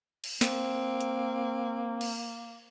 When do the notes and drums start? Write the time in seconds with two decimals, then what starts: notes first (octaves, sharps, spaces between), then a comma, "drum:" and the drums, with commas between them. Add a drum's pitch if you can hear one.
0.24 drum: cymbal
0.41 A#3 C4, drum: snare
1.01 drum: hi-hat
2.01 drum: cymbal